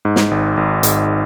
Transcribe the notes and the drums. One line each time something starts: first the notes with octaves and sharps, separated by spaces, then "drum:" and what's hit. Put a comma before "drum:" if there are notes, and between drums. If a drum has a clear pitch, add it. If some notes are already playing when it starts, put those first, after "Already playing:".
G#2
drum: snare
G#1
G#1
G#2, drum: hi-hat